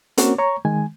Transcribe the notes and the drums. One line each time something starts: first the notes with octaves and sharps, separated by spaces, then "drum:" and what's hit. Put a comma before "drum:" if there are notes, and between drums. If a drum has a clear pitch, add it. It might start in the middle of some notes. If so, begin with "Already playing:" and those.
A#3 C4 C#4 F#4 A#4 C#5, drum: hi-hat
C#5 A#5 C#6
D#3 G#3 G#5